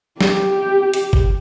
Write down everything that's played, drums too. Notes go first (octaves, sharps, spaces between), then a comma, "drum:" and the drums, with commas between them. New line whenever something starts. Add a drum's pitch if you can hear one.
G4, drum: snare
drum: hi-hat
drum: kick G1